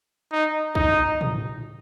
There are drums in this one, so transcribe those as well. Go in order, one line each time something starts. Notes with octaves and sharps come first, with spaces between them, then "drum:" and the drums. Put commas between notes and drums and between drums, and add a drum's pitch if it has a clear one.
D#4
D#4, drum: kick B1
drum: tom